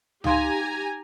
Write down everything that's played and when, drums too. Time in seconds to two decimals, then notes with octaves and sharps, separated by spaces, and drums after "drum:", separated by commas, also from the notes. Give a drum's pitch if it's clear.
0.24 D#4 G4 F5 G#5 A#5 C6, drum: tom C#2